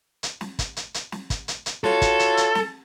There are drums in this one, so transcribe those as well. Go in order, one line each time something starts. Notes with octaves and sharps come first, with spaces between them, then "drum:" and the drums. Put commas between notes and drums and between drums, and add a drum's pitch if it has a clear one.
drum: hi-hat
drum: snare
drum: kick, hi-hat
drum: hi-hat
drum: hi-hat
drum: snare
drum: kick, hi-hat
drum: hi-hat
drum: hi-hat
F4 F#4 A4 C#5, drum: snare
drum: kick, hi-hat
drum: hi-hat
drum: hi-hat
drum: snare